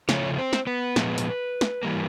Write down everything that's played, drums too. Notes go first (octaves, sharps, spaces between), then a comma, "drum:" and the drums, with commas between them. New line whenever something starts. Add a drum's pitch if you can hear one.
C#3 F3 A3 C#4 C#5, drum: snare
C4 C5
drum: snare
B3 B4
A#2 F3 G#3 B3, drum: snare
drum: hi-hat
drum: snare
E3 G3 A#3